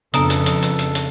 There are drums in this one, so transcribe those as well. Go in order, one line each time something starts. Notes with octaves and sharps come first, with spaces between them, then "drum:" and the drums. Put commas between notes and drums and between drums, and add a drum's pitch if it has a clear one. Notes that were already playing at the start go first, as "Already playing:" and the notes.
F2 C#3 B3 D4 A4 G#5 A#5 D#6, drum: hi-hat
drum: hi-hat
drum: hi-hat
drum: hi-hat
drum: hi-hat
drum: hi-hat